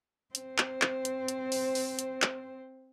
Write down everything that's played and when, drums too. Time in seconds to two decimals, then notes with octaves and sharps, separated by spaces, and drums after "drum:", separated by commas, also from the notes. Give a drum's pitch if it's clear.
0.35 C4 C5, drum: hi-hat
0.58 drum: clap
0.82 drum: clap
1.05 drum: hi-hat
1.28 drum: hi-hat
1.52 drum: open hi-hat
1.75 drum: open hi-hat
1.99 drum: hi-hat
2.22 drum: clap